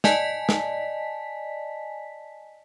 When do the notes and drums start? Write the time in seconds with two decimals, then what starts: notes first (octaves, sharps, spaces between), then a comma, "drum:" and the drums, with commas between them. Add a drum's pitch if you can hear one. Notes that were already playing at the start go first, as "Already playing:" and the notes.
0.04 D5 D#5 G#5 A5 B6, drum: snare
0.49 drum: snare